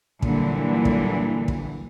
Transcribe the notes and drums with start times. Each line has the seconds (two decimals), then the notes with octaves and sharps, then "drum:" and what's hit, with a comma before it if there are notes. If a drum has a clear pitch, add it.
0.22 A#2 D3 E3 F#3 G3, drum: kick
0.85 drum: kick
1.48 drum: kick